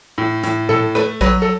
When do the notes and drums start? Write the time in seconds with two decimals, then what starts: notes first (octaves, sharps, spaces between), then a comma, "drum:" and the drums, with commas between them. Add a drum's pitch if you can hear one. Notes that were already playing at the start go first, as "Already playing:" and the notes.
0.18 A2
0.43 A2, drum: hi-hat
0.69 A2 A4, drum: tom A#2
0.95 A3 B4, drum: rim click
1.21 F#3 B4, drum: kick A#1, hi-hat
1.42 A4